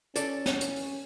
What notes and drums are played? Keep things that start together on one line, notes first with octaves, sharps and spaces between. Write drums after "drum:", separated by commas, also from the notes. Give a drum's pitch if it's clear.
C#4 A4 D5, drum: hi-hat
drum: snare
drum: hi-hat
drum: open hi-hat